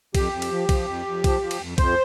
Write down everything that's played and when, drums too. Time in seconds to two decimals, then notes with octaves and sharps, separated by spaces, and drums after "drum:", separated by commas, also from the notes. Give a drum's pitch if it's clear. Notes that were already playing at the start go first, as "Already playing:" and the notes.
0.15 F2 G4, drum: kick B1, cymbal
0.33 F2
0.42 drum: cymbal
0.51 F3
0.69 F3, drum: kick B1, cymbal
0.87 F2
1.06 F2
1.24 F3, drum: kick B1, cymbal
1.41 F3
1.51 drum: cymbal
1.60 F2
1.78 F2 C5, drum: kick B1, cymbal